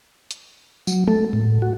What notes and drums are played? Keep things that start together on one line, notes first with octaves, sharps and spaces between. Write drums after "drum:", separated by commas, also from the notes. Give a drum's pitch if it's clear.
drum: hi-hat
F#3, drum: tambourine
A4, drum: tom G#3
A2
F#4